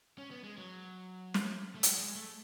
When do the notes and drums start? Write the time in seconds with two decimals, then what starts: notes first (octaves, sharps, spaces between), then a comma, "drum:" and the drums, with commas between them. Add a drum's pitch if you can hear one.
0.18 C#4
0.31 B3
0.44 G#3
0.58 F#3
1.34 drum: snare
1.75 A3
1.83 G#3, drum: hi-hat
1.91 F#3
1.98 G#3
2.15 A3